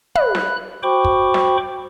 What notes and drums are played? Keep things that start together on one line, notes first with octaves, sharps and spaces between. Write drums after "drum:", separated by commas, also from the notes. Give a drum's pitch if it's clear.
B5 F#6, drum: tom
drum: snare
F#4 C5 G5 B5 C#6 D6
drum: kick
drum: snare